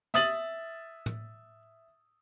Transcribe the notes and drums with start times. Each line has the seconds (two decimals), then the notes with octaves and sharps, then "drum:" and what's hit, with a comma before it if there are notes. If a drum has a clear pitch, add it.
0.14 E5 D#6 A6 F#7, drum: snare
1.06 drum: tom